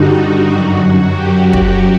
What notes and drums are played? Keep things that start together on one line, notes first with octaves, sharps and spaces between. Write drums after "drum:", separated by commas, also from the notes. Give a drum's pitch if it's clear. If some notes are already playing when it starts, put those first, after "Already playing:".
Already playing: G2 D3 G3 D#4 F#4
F#2 F#3
G4
drum: kick